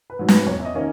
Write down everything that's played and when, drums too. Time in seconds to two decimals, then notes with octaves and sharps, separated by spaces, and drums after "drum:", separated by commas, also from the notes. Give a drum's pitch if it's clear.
0.10 B4
0.19 G#2 F#3
0.28 B4, drum: snare
0.46 E2 C#5
0.60 E5
0.65 D#5
0.74 D#3 A#3 C#4